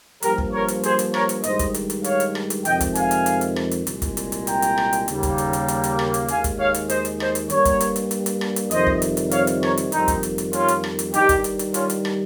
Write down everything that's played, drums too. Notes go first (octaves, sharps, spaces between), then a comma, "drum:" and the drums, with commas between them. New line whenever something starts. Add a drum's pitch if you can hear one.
G2 F3 A#3 G4 A#4, drum: hi-hat
drum: kick
A#4 C#5
drum: hi-hat
G#4 C5, drum: hi-hat
drum: hi-hat
A#4 C#5, drum: rim click
drum: hi-hat
G2 D#3 G#3 C5 D#5, drum: hi-hat
drum: kick, hi-hat
drum: hi-hat
drum: hi-hat
C#5 F5, drum: hi-hat
drum: hi-hat
drum: rim click
drum: hi-hat
F2 C3 D#3 G#3 D#5 G5, drum: hi-hat
drum: kick, hi-hat
F5 G#5, drum: hi-hat
drum: hi-hat
drum: hi-hat
drum: hi-hat
drum: rim click
drum: hi-hat
C2 A#2 G#3, drum: hi-hat
drum: kick, hi-hat
drum: hi-hat
drum: hi-hat
G5 A#5, drum: hi-hat
drum: hi-hat
drum: rim click
drum: hi-hat
D#2 C#3 G3 A#3, drum: hi-hat
drum: kick, hi-hat
drum: hi-hat
drum: hi-hat
drum: hi-hat
drum: hi-hat
drum: rim click
drum: hi-hat
D#2 D#3 G#3 F5 G#5, drum: hi-hat
drum: kick, hi-hat
C#5 F5
drum: hi-hat
C5 D#5, drum: hi-hat
drum: hi-hat
C5 D#5, drum: rim click
drum: hi-hat
G2 G3 A#3 A#4 C#5, drum: hi-hat
drum: kick, hi-hat
drum: hi-hat
drum: hi-hat
drum: hi-hat
drum: hi-hat
drum: rim click
drum: hi-hat
F2 C3 D#3 G3 C5 D#5, drum: hi-hat
drum: kick
drum: hi-hat
drum: hi-hat
C#5 F5, drum: hi-hat
drum: hi-hat
A#4 C#5, drum: rim click
drum: hi-hat
F2 D#3 G3 A#3 C4 D#4, drum: hi-hat
drum: kick, hi-hat
drum: hi-hat
drum: hi-hat
C#4 F4, drum: hi-hat
drum: hi-hat
drum: rim click
drum: hi-hat
G2 D#3 G3 D#4 G4, drum: hi-hat
drum: kick, hi-hat
drum: hi-hat
drum: hi-hat
C#4 F4, drum: hi-hat
drum: hi-hat
drum: rim click